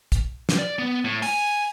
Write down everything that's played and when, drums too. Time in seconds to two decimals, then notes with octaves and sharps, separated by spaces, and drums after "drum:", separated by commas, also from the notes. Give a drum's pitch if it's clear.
0.12 drum: kick, hi-hat
0.49 drum: snare
0.59 D5
0.78 B3
1.04 A2
1.22 G#5, drum: open hi-hat